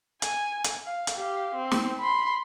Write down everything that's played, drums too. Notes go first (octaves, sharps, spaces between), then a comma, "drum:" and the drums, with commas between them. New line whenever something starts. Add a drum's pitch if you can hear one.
G#5, drum: hi-hat
drum: hi-hat
F5
drum: hi-hat
G4 F5
C4
drum: snare
B5 C6